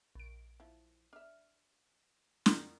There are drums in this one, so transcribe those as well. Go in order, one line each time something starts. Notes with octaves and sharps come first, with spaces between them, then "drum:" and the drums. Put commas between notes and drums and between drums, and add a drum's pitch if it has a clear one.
A#1 D7
F3 E4
D4 E5 F6
F4 G#4, drum: snare